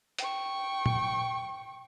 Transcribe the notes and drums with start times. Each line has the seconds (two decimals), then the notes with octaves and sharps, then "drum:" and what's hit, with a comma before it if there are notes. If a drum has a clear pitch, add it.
0.18 G5 C#6, drum: hi-hat
0.86 drum: tom A#2